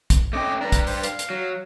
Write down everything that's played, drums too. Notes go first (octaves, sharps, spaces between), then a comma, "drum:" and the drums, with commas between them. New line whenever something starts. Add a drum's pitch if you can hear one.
drum: kick, hi-hat
A3 C#4 D#5 G5 D6
D4 B4 A#5
drum: kick, hi-hat
C5, drum: open hi-hat
F5, drum: hi-hat
drum: hi-hat
F#3